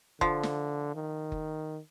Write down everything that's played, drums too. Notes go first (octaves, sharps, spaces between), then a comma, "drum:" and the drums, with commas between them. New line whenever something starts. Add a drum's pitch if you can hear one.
D3 F3, drum: kick F#1
drum: snare
D#3
drum: kick F#1